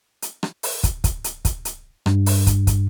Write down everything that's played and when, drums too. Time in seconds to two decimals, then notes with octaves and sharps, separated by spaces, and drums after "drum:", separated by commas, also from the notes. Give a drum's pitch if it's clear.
0.22 drum: hi-hat
0.43 drum: rim click
0.63 drum: open hi-hat
0.84 drum: kick, hi-hat
1.04 drum: kick, hi-hat
1.24 drum: hi-hat
1.45 drum: kick, hi-hat
1.65 drum: hi-hat
2.06 G2, drum: rim click
2.26 drum: open hi-hat
2.47 drum: kick, hi-hat
2.67 drum: kick, hi-hat